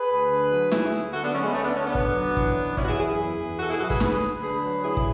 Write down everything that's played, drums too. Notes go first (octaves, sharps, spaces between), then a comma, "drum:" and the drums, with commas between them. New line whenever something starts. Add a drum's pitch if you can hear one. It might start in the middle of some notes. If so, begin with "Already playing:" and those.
Already playing: G#4 B4
D2
D3
F#3
D2 E4 G#4, drum: snare
D2
D3 F#4 A4
B3 D4
F#3 A3 C#4
G#3 B3
D2 A3 C#4
B3 D4
D2 A3 C#4
B3 D4
D3, drum: kick
F#3
E3, drum: kick
F#2
E3 C#4 E4, drum: kick
F#4
E4 G#4
F#2 E4 G#4
E4 G#4
E2
E2
B2 F#4 A4
E4 G#4
F#3 F#4 A4
G#4 B4, drum: kick
D2 G#4 B4, drum: snare
D2
D3 G#4 B4
F#3
D2 E4 G#4
drum: kick